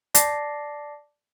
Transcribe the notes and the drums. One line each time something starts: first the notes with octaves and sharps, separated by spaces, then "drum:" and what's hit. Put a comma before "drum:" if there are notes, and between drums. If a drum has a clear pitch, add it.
D5 A5 D6 A6 A#6 C7, drum: hi-hat